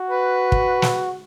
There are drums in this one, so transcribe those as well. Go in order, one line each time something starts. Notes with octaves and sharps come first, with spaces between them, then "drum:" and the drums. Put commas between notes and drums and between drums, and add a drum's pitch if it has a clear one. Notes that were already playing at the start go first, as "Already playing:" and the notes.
Already playing: F#4
B4
drum: kick
drum: snare